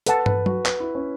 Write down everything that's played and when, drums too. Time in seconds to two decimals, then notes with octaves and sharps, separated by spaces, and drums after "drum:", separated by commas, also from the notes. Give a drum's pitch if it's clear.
0.06 A4 B4 F#5 A5, drum: hi-hat
0.26 B4, drum: tom
0.46 F#4, drum: tom F#3
0.66 B4, drum: clap
0.80 E4
0.95 C#4